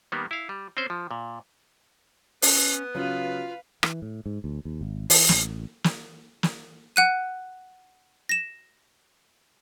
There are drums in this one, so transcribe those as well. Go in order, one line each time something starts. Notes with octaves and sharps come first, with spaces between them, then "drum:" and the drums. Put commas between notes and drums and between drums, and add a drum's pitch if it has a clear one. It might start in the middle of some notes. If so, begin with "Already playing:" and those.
D#3 G3 A#3 B3
E4 F5
G3
C4 C#4 C5
F3
A#2
B3 C#4, drum: open hi-hat
C#3 F#3 F4 B4 F5
E3, drum: rim click
A2
G#2
D2
D#2
G#1
E3, drum: open hi-hat
A1, drum: snare
drum: snare
drum: snare
F#5 F#6 D#7
A#6 E7